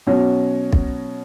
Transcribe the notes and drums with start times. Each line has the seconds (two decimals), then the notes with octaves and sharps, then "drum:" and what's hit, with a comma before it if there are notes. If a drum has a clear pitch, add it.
0.07 B2 F#3 C#4
0.73 drum: kick